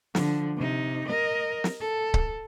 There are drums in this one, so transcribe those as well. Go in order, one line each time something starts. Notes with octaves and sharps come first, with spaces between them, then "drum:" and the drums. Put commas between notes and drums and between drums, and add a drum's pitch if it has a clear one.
D3 F3, drum: snare
C3 D#4
A#4 D#5
drum: snare
A4
drum: kick C#1